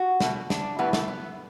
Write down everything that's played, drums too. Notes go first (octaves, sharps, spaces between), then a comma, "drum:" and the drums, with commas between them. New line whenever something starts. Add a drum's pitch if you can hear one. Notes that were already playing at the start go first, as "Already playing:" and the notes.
Already playing: F#4
B2 A3, drum: snare
D4, drum: snare
A2 E3 G3 B3
A3, drum: snare
B3